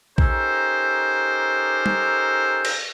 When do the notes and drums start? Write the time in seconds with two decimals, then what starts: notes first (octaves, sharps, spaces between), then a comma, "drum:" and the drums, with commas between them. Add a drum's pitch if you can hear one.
0.18 C#4 D#4 G4 A4 A#4 C5, drum: kick A#1
1.86 drum: tom
2.65 drum: cymbal